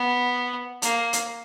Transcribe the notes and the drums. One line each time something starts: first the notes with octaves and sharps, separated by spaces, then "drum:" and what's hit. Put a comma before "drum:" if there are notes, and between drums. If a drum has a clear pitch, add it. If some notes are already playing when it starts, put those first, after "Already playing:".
Already playing: B3
A#3, drum: hi-hat
drum: hi-hat